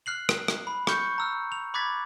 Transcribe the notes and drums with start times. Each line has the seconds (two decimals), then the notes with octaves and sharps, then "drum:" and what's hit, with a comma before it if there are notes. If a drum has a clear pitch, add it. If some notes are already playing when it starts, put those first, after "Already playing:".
0.06 F6 F#6 C7 F#7
0.29 drum: rim click
0.48 drum: rim click
0.67 B5
0.87 C#6 F6 G6 C#7, drum: rim click
1.18 A#5 E6 F6
1.52 F7
1.74 B5 D6 F#6 G#6 A6 B6